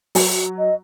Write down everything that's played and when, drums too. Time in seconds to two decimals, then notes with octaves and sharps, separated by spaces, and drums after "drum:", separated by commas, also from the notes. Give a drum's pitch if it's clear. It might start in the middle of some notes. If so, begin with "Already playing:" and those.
0.15 F#3, drum: open hi-hat
0.58 D#5